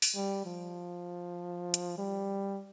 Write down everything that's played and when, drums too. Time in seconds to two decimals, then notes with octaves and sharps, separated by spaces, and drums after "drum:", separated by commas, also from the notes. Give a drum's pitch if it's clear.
0.02 drum: open hi-hat
0.16 G3
0.46 F3
1.74 drum: hi-hat
1.98 G3